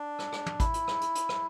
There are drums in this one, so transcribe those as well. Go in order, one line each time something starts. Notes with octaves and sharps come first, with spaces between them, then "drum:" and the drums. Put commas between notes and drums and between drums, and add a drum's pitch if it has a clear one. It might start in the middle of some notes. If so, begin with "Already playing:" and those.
Already playing: D4
drum: rim click
drum: rim click
drum: tom
E4, drum: kick G#1, hi-hat
drum: hi-hat
drum: rim click
drum: hi-hat
drum: hi-hat
drum: rim click